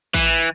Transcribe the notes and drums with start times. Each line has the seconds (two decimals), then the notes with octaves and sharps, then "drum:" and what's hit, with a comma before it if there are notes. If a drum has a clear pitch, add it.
0.14 E3, drum: kick